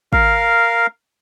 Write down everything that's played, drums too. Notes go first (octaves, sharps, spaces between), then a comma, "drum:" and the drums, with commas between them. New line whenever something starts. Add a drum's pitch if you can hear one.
A#4 F5, drum: kick